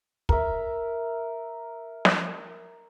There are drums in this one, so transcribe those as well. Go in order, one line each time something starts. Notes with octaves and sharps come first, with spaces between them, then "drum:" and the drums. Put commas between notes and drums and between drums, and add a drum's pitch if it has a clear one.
A#4 E5, drum: kick
drum: snare